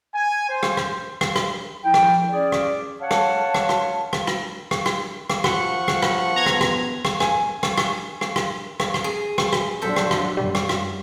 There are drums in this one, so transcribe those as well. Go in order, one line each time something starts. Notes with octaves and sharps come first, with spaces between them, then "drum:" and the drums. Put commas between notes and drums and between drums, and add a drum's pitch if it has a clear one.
G#5
C5
drum: rim click
drum: rim click
drum: rim click
drum: rim click
F3 E4 G5
drum: rim click
C#4 G#4 D5
drum: rim click
C#5 F5 F#5 A5
drum: rim click
drum: rim click
drum: rim click
drum: rim click
drum: rim click
drum: rim click
drum: rim click
drum: rim click
F3 F#5 C#6, drum: rim click
drum: rim click
drum: rim click
B3 A#5 G#6
drum: rim click
drum: rim click
drum: rim click
G#5, drum: rim click
drum: rim click
drum: rim click
drum: rim click
drum: rim click
drum: rim click
drum: rim click
G#4
drum: rim click
drum: rim click
F#3 D4 A4 C5 E5
drum: rim click
drum: rim click
F#2 G3
drum: rim click
drum: rim click